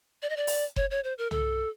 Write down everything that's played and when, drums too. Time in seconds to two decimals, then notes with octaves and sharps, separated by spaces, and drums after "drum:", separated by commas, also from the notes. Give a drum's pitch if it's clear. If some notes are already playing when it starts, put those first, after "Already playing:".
0.22 D5
0.30 D#5
0.37 D5
0.47 drum: open hi-hat
0.76 C#5, drum: kick F#1
0.91 C#5
1.04 C5
1.18 A#4
1.31 A4, drum: tom